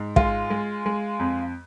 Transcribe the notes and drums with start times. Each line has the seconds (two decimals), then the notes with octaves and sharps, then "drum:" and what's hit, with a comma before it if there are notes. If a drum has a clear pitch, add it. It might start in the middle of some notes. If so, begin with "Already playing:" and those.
Already playing: G#2
0.16 G#3 F4, drum: kick
0.50 G#3
0.86 G#3
1.19 F2